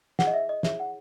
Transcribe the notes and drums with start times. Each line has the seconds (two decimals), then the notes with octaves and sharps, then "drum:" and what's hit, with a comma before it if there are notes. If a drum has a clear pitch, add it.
0.19 E4 G#4 C#5 F#5, drum: snare
0.27 D#5
0.33 E5
0.49 D#5
0.63 E4 G#4 C#5 E5, drum: snare
0.79 F#5